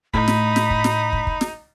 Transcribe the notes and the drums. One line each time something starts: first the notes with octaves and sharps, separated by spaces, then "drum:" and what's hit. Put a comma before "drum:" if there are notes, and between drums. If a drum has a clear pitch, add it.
A2 D#4 B5 B6, drum: kick
drum: snare
drum: snare
drum: kick
drum: snare
drum: kick
drum: kick
drum: snare